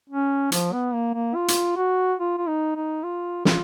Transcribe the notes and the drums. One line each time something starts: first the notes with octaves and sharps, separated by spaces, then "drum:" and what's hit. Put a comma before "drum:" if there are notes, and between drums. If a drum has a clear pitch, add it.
C#4
F3, drum: hi-hat
B3
A#3
A#3
F4
drum: hi-hat
F#4
F4
F4
D#4
D#4
F4
F4, drum: snare